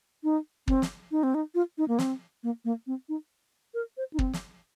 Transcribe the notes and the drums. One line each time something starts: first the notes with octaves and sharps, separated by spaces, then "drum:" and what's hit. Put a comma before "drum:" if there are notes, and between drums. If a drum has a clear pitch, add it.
D#4
C4, drum: kick
drum: snare
D#4
C4
D#4
F4
D#4
A#3
C4, drum: snare
A#3
A#3
C4
D#4
A#4
C5
D#4
C4, drum: kick
drum: snare